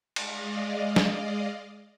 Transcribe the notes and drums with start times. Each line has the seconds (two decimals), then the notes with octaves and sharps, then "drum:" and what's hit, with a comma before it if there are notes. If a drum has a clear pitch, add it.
0.16 G#3 D5 D#5 F5, drum: cymbal
0.96 drum: snare